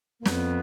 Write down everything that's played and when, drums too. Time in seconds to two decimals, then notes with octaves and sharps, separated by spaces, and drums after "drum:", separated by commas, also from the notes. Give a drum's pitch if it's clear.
0.20 A#3
0.25 F2 B3, drum: snare